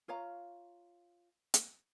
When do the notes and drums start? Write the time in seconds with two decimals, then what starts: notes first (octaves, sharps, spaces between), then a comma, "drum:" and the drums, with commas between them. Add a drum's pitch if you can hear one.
0.08 F4 C#5 F5 A#5
1.54 drum: hi-hat